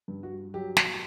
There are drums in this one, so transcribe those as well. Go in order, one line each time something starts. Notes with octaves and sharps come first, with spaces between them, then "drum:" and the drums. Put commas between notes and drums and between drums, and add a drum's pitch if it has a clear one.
G2
F#4
F#3 G4
drum: snare